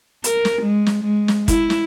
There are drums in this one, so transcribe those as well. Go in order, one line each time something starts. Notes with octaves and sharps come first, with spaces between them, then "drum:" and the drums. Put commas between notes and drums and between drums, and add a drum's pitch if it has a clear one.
A#4, drum: hi-hat
drum: snare
G#3
drum: snare
G#3
drum: snare
E4, drum: kick, hi-hat
drum: snare